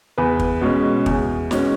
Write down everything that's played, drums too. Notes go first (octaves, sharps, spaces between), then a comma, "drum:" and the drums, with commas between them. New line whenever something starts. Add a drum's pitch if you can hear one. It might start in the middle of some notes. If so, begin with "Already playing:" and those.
E2 B4
drum: kick
B2 G#3 C#4
E2, drum: kick
B2 G#3 C#4, drum: snare